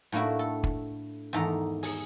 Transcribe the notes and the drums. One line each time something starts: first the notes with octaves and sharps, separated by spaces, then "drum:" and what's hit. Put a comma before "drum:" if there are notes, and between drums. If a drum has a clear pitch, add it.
A2 A#3 D4 E4 F#4
A4
drum: kick
E2 G#2 D#3 A4 A#5
G#4, drum: open hi-hat